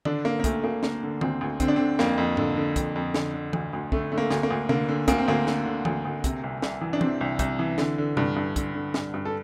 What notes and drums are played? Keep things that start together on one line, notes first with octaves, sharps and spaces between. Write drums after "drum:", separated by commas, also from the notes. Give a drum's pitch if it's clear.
D3 D4, drum: tom D#3
D3 A#3
A#3
D2 A3, drum: kick, hi-hat
D2 A#3
D3 A#3, drum: snare
D3
D2 C4, drum: tom D#3
D2
D3 C4, drum: kick, hi-hat
D4
D3 C4
F2 A#3, drum: snare
F2
D3, drum: tom G#2
D3
F2, drum: kick, hi-hat
F2
D3, drum: snare
D3
D2, drum: tom E3
D2
D3 A3, drum: kick
D3 A3
A#3
D2, drum: snare
A#3
D2
D3 A#3, drum: tom C3
D3
D2 A#3, drum: kick, hi-hat
C4
D2 A#3
D3, drum: snare
D3
D2, drum: tom E3
D2
C3, drum: kick, hi-hat
C2
C2, drum: snare
E3
D4
C3 C4, drum: tom E3
C2
C2, drum: kick, hi-hat
E3
D3, drum: snare
D3
G2, drum: tom C3
G2
D3, drum: kick, hi-hat
D3
G2, drum: snare
G2
A4